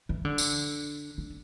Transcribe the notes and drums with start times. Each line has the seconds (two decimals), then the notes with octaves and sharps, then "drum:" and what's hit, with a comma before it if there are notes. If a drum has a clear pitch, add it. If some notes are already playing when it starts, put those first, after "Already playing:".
0.09 E3
0.25 D3
0.38 drum: tambourine
1.18 D3